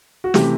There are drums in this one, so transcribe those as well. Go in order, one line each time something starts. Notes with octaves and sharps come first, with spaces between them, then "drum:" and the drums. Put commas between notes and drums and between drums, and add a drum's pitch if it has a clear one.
F#4
C3 E3 A3 G4, drum: snare